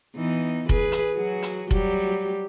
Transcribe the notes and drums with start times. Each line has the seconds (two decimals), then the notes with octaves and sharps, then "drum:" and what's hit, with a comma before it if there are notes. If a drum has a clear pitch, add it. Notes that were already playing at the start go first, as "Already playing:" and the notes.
0.16 E3 B3 D#4
0.69 G#4 B4, drum: kick F1
0.92 drum: hi-hat
1.15 F#3 F#4 G#4
1.42 drum: hi-hat
1.71 F#3 G3 G4, drum: kick F1